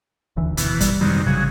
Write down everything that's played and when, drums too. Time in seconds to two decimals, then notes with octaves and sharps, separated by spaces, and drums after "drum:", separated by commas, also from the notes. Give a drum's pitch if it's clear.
0.36 D#1 D2 E3
0.57 E2 B2, drum: hi-hat
0.81 G3, drum: kick, hi-hat
1.01 F#2 C3 D#3 G3 G#3
1.27 A1 C#3 F#3 G3 G#4